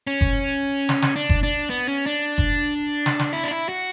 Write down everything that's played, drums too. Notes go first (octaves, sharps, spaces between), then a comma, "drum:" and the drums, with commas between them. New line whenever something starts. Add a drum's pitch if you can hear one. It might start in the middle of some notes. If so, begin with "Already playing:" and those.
C#4
drum: kick F#1
drum: snare
drum: snare
D4
drum: kick F#1
D4
B3
C#4
D4
drum: kick F#1
drum: snare
drum: snare
E4
D4
E4
F#4